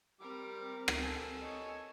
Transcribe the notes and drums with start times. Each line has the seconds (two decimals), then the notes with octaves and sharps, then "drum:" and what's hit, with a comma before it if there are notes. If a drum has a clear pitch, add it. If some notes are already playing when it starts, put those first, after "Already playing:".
0.21 G3 C4 G4 A#4 D6
0.88 drum: rim click
1.02 A4 G#5 A5
1.41 C#5 D#5